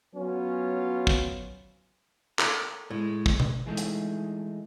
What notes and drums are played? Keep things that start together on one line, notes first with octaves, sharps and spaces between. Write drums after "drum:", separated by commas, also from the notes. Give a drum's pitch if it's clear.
F#3 B3 C#4 F4
drum: kick
A4 A#4, drum: clap
A2 G#3
drum: kick
drum: tom B2
E3 G#3 A3 D#4
drum: hi-hat